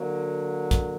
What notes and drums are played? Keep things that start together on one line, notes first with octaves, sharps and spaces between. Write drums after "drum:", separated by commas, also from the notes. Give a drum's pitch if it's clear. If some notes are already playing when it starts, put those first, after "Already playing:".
Already playing: D3 F#3 A#3
drum: kick, hi-hat